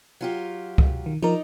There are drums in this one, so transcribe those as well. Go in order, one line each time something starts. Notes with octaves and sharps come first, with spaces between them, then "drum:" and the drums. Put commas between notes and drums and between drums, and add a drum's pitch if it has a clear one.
F#3 F4 G4
drum: kick C#2
D#3
F3 D#4 A#4 D5